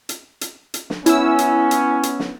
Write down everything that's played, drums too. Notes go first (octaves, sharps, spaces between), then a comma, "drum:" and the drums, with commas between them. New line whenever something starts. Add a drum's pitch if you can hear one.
drum: hi-hat
drum: hi-hat
drum: hi-hat
drum: snare
B3 C#4 E4 E6, drum: hi-hat
drum: hi-hat
drum: hi-hat
drum: hi-hat
drum: snare